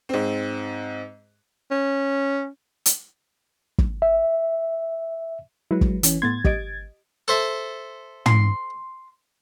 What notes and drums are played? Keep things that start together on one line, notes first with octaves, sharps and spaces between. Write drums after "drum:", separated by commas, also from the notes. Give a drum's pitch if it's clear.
G#2 C4
C#4
drum: hi-hat
drum: kick
E5
F#3 G#3 E4 B4
drum: kick
E3 C#4, drum: hi-hat
A2 B3 C6 G#6 A6
G4 D#5 D7, drum: kick
A4 C5 E5
C6, drum: tom